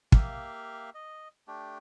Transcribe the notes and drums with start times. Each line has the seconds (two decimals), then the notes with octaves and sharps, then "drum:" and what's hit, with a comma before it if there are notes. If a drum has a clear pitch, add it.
0.12 A#3 G4 E5 F5, drum: kick
0.95 D#5
1.48 A3 D4 G4